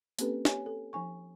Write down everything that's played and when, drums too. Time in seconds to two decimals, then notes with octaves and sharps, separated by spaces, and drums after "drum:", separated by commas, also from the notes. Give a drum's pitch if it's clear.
0.19 A#3 C4 C#4 G4 A4 B4, drum: hi-hat
0.45 G4 C#5 G#5, drum: snare
0.66 A4
0.93 F3 D#4 G#5 C#6